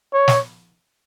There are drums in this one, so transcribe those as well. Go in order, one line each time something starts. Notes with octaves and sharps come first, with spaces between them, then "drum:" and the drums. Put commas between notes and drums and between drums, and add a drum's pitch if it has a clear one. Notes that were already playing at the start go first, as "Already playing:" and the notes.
C#5
drum: snare